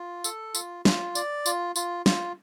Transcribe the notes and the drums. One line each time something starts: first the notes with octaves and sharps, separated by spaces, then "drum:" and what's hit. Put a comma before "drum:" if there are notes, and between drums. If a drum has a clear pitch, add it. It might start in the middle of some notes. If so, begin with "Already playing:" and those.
Already playing: F4
A4, drum: tambourine
F4, drum: tambourine
F4, drum: snare
D5, drum: tambourine
F4, drum: tambourine
F4, drum: tambourine
F4, drum: snare